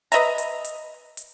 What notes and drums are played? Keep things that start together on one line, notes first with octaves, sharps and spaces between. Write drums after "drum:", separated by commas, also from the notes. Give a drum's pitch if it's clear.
B4 D#5 E5 A#5, drum: hi-hat
drum: hi-hat
drum: hi-hat
drum: hi-hat